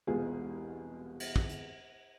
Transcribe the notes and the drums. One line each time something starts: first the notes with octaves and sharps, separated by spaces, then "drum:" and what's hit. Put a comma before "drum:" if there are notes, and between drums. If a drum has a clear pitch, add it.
E1 C2 B2 G#3 F4 G#4
drum: cymbal
drum: kick
drum: hi-hat